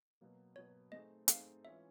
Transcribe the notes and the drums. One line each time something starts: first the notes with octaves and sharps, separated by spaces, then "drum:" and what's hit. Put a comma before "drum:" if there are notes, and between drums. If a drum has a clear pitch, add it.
B2 F#3 A#3
B2 F#3 A#3 C#5
A3 C4 D#4 G#4 D#5
A3 C4 D#4 G#4 F5, drum: hi-hat
E3 G#3 C#4 F4 G#4 E5